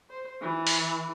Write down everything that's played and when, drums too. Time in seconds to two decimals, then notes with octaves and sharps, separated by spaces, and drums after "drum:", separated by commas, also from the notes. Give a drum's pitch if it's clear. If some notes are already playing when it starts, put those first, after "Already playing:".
0.10 C5
0.41 E3
0.67 drum: open hi-hat